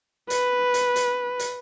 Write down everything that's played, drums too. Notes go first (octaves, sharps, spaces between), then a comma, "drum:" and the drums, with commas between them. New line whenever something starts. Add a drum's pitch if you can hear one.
B4, drum: hi-hat
drum: hi-hat
drum: hi-hat
drum: hi-hat